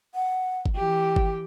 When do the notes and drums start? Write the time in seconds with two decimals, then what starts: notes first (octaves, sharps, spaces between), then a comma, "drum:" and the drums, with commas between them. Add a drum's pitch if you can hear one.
0.15 F#5
0.66 drum: kick G1
0.75 E3 G4 G5
1.16 drum: kick G1